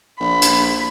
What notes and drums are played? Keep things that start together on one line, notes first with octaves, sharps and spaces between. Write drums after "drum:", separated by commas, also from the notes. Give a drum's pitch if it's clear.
A#1 B5
drum: hi-hat